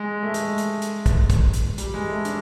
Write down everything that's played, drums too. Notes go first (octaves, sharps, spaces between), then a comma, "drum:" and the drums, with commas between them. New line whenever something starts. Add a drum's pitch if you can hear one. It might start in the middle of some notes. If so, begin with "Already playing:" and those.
Already playing: G#3
A3
G#3, drum: hi-hat
drum: hi-hat
drum: hi-hat
drum: kick, hi-hat
drum: kick, hi-hat
drum: hi-hat
G3, drum: hi-hat
G#3
A3
D4, drum: hi-hat